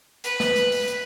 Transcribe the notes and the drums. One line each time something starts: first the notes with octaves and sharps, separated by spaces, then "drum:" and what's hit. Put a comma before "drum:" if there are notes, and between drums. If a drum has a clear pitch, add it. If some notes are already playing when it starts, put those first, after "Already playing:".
B4, drum: hi-hat
drum: snare
drum: hi-hat
drum: open hi-hat
drum: hi-hat